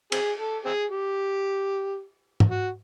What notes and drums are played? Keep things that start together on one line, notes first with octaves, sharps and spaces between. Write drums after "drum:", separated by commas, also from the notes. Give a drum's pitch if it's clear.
C4 G#4, drum: cymbal
A4
C4 G#4
G4
drum: tom
F#4